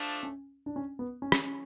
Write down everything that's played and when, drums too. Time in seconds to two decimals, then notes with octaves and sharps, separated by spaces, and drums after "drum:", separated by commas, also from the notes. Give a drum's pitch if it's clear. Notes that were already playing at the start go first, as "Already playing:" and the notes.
Already playing: F3 A3 D4
0.23 C#4
0.66 D4
0.76 C#4
0.99 B3
1.22 C#4
1.32 drum: rim click